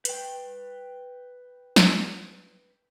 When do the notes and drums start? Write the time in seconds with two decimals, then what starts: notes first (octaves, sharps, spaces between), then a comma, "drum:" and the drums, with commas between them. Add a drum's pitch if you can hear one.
0.05 B4 G5, drum: hi-hat
1.76 drum: snare